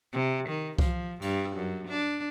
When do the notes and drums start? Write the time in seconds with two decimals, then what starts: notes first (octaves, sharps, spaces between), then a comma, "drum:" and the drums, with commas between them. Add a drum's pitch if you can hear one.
0.13 C3
0.48 D#3
0.79 F3, drum: kick C2
1.22 G2, drum: cymbal
1.56 F#2
1.88 D4